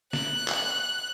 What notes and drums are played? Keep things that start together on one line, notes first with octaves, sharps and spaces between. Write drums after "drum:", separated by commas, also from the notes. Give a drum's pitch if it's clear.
F#6, drum: snare
drum: clap